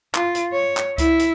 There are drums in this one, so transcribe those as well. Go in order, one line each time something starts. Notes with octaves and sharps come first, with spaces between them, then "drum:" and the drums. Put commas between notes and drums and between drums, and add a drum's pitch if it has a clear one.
F4, drum: clap
drum: hi-hat
C#5
drum: clap
E4, drum: kick C#2, hi-hat
drum: hi-hat